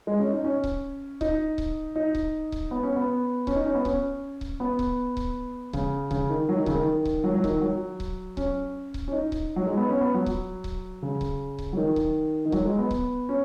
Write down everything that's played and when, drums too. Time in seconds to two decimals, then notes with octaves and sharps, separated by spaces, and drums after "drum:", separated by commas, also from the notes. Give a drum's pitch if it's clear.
0.07 G#3
0.19 C#4
0.33 D#4
0.44 C#4
0.64 drum: kick C#1
1.21 D#4, drum: kick C#1
1.58 drum: kick C#1
1.96 D#4
2.15 drum: kick C#1
2.52 drum: kick C#1
2.71 B3
2.83 C#4
2.96 B3
3.47 C#4, drum: kick C#1
3.56 D#4
3.66 C#4
3.75 B3
3.85 C#4, drum: kick C#1
4.41 drum: kick C#1
4.60 B3
4.79 drum: kick C#1
5.17 drum: kick C#1
5.73 C#3, drum: kick C#1
6.11 C#3, drum: kick C#1
6.30 D#3
6.49 F#3
6.57 D#3
6.66 C#3, drum: kick C#1
6.75 D#3
7.05 drum: kick C#1
7.24 F#3
7.34 F#3
7.44 D#3, drum: kick C#1
7.62 F#3
8.00 drum: kick C#1
8.37 C#4, drum: kick C#1
8.94 drum: kick C#1
9.08 C#4
9.13 D#4
9.32 drum: kick C#1
9.56 F#3
9.67 G#3
9.77 B3
9.89 C#4
10.01 B3
10.14 F#3
10.26 drum: kick C#1
10.64 drum: kick C#1
11.03 C#3
11.21 drum: kick C#1
11.59 drum: kick C#1
11.73 F#3
11.77 D#3
11.96 drum: kick C#1
12.45 D#3
12.52 F#3, drum: kick C#1
12.65 G#3
12.78 B3
12.91 drum: kick C#1
13.29 C#4